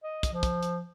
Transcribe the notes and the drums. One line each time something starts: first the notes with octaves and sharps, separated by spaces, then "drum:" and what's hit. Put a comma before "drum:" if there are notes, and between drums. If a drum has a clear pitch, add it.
D#5
drum: kick, hi-hat
F3
drum: kick, hi-hat
drum: hi-hat